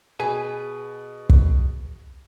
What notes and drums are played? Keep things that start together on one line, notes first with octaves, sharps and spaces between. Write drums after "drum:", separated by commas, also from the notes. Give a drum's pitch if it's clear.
B2 G#4 B4 G#5
drum: kick